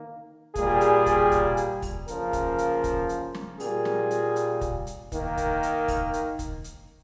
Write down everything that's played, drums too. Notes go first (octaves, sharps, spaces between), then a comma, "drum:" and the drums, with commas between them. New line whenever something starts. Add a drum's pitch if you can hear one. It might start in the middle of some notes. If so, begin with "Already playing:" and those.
Already playing: D#3 A#3
A#2 G3 A#3 G#4, drum: kick, hi-hat
drum: hi-hat
drum: kick, hi-hat
drum: kick, hi-hat
drum: hi-hat
drum: kick, open hi-hat
C#3 F3 A#3 A#4, drum: hi-hat
drum: kick, hi-hat
drum: hi-hat
drum: kick, hi-hat
drum: hi-hat
drum: snare
A#2 G3 A#3 G#4, drum: open hi-hat
drum: snare
drum: hi-hat
drum: hi-hat
drum: kick, hi-hat
drum: hi-hat
D#3 A#3, drum: kick, hi-hat
drum: kick, hi-hat
drum: hi-hat
drum: kick, open hi-hat
drum: hi-hat
drum: kick, hi-hat
drum: hi-hat